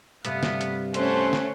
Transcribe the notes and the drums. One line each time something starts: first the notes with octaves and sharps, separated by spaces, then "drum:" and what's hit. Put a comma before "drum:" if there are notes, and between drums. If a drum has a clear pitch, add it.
G2 C3 A3 B3 F5, drum: hi-hat
drum: snare
drum: hi-hat
B2 A3 C#4 B4 C5 F#5 C6, drum: hi-hat
drum: snare